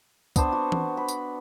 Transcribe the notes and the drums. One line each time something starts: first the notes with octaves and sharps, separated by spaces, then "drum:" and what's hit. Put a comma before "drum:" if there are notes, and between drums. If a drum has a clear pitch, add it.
B3 D4 C5, drum: kick, tambourine
F#4
drum: tom E3
B5
drum: tambourine